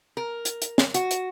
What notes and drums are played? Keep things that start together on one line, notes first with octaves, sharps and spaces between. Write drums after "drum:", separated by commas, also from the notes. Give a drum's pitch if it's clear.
A#4
drum: hi-hat
drum: hi-hat
drum: snare
F#4, drum: hi-hat
drum: hi-hat